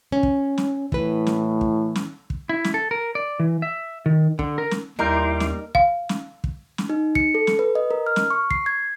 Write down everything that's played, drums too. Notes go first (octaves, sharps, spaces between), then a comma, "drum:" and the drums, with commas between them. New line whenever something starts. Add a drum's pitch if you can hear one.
C#4
drum: kick
drum: snare
A2 E3 B4, drum: kick
drum: snare
drum: kick
drum: snare
drum: kick
E4
drum: snare
A4
A#4
D5
E3
E5
D#3
D3, drum: kick
A#4
drum: snare
D#2 G3 D#4 E4 A#4 C6 D6
drum: snare
F5, drum: kick
drum: snare
drum: kick
drum: snare
D#4
C#7, drum: kick
A4
drum: snare
B4
D#5
A#4
F6
drum: snare
C#6
C7, drum: kick
G#6